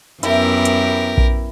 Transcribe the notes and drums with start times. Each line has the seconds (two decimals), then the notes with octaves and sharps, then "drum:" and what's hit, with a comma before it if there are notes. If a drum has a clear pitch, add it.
0.23 F#2 B3 E4 G4 A#4, drum: hi-hat
0.65 drum: hi-hat
1.18 drum: kick A#1